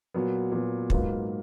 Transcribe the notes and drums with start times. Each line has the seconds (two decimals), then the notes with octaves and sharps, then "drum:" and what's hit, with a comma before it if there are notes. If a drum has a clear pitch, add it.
0.14 A#2 F#3 B3
0.52 A#2 F#3 B3
0.90 G#2 F#3 A#3 F4 B4, drum: kick